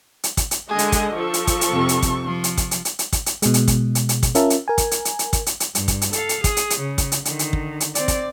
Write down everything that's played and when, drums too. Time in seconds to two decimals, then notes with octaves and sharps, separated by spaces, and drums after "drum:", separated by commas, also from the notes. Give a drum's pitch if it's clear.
0.24 drum: hi-hat
0.37 drum: kick, hi-hat
0.51 drum: hi-hat
0.69 D3 G#3 G#4 D#5
0.79 drum: hi-hat
0.92 drum: kick, hi-hat
1.15 F3 A4 C#6
1.34 drum: hi-hat
1.47 drum: kick, hi-hat
1.61 drum: hi-hat
1.70 F2 C3
1.89 drum: hi-hat
2.02 drum: kick, hi-hat
2.25 F3
2.44 drum: hi-hat
2.57 drum: kick, hi-hat
2.71 drum: hi-hat
2.85 drum: hi-hat
2.99 drum: hi-hat
3.13 drum: kick, hi-hat
3.26 drum: hi-hat
3.42 B2 G#3, drum: hi-hat
3.54 drum: hi-hat
3.68 drum: kick, hi-hat
3.95 drum: hi-hat
4.09 drum: hi-hat
4.23 drum: kick, hi-hat
4.35 C#4 F4 A#4 E5 A5, drum: hi-hat
4.50 drum: hi-hat
4.68 A#4 G#5
4.78 drum: kick, hi-hat
4.91 drum: hi-hat
5.05 drum: hi-hat
5.19 drum: hi-hat
5.33 drum: kick, hi-hat
5.46 drum: hi-hat
5.60 drum: hi-hat
5.75 G2, drum: hi-hat
5.88 drum: kick, hi-hat
6.02 drum: hi-hat
6.13 A4 F5, drum: hi-hat
6.29 drum: hi-hat
6.44 G#4, drum: kick, hi-hat
6.57 drum: hi-hat
6.70 drum: hi-hat
6.80 C#3
6.98 drum: kick, hi-hat
7.12 drum: hi-hat
7.25 D3 D#3, drum: hi-hat
7.39 drum: hi-hat
7.53 drum: kick
7.80 drum: hi-hat
7.95 C4 D5, drum: hi-hat
8.08 drum: kick, hi-hat